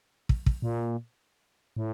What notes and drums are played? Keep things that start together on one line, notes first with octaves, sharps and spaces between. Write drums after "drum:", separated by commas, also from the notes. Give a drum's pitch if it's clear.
drum: kick
drum: kick
A#2
A2